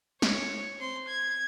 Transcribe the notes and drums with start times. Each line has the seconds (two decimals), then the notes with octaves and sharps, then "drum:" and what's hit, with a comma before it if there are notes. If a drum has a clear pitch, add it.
0.22 C#5, drum: snare
0.78 C4 C6
1.08 G#6